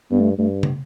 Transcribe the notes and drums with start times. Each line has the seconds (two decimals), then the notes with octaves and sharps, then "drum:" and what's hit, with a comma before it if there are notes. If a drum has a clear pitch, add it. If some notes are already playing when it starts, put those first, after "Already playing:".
0.10 G2 B3
0.20 A3
0.37 G2 A3
0.63 drum: tom